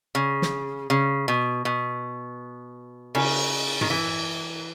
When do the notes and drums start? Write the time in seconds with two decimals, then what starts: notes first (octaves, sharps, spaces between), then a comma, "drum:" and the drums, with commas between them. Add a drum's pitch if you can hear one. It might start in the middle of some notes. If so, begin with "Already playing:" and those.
0.15 C#3
0.42 drum: snare
0.90 C#3
1.28 B2
1.65 B2
3.15 C#3, drum: cymbal
3.81 D#3, drum: tom
3.90 E3